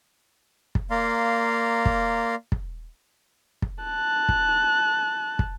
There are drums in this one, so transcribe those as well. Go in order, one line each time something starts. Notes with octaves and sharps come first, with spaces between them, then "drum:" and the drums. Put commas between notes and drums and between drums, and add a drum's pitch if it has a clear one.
drum: kick
A#3 D5 F5 A#5 C6
drum: kick
drum: kick
drum: kick
A5 F#6
drum: kick
drum: kick